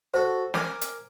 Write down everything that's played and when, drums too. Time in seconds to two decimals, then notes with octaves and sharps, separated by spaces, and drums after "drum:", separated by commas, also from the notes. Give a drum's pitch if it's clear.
0.14 F#4 A4 C5
0.54 A#4 G#5 D6, drum: snare
0.81 drum: hi-hat